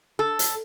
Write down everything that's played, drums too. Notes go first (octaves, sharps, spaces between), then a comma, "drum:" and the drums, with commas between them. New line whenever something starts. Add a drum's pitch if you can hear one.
A4
drum: hi-hat